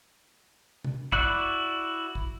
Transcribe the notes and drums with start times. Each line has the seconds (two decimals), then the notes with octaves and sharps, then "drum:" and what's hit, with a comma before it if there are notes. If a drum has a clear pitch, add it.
0.84 drum: tom C3
1.12 E4 F#4 D5 F#6, drum: kick
2.15 drum: kick